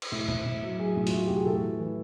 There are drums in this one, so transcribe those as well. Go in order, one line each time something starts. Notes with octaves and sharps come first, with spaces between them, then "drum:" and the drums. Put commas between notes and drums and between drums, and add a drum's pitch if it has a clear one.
drum: cymbal
A2 E4
A2, drum: tom A#2
A2
F#3
F#3 G#4
A2
F4, drum: hi-hat
A2 F#4
A2 G4
G#4
A2 A4
E3
E3